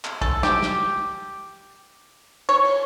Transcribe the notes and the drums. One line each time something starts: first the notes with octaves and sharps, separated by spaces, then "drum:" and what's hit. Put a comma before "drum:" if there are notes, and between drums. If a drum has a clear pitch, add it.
drum: clap
A4, drum: kick
G4, drum: snare
drum: snare
C#5
drum: cymbal